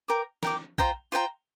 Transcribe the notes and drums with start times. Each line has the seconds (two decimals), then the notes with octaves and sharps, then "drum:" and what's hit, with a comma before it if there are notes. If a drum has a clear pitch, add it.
0.08 A#4 G5 D6
0.43 A#4 G5 D6, drum: snare
0.78 F4 C5 G5 A#5, drum: kick
1.12 F4 C5 G5 A#5